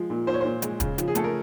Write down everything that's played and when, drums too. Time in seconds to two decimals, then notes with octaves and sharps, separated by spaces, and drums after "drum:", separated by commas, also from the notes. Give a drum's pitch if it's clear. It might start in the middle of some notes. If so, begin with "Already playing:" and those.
Already playing: F3 G#3
0.10 A#2
0.27 A#2 C5
0.34 C#5
0.41 A#2 C5
0.62 G#3, drum: hi-hat
0.80 C#3, drum: kick, hi-hat
0.98 F3, drum: hi-hat
1.08 G#4
1.15 A3 A4, drum: hi-hat
1.24 A#4